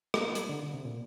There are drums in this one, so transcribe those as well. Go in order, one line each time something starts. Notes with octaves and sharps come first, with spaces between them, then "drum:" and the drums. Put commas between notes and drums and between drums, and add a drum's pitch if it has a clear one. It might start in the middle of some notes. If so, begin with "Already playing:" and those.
A3, drum: rim click
A#3
G3, drum: hi-hat
D3
D3
C3
A#2